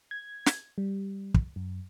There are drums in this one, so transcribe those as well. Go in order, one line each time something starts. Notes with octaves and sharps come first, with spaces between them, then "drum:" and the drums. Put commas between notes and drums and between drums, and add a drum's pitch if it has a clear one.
G#6
drum: snare
G3
drum: kick
F#2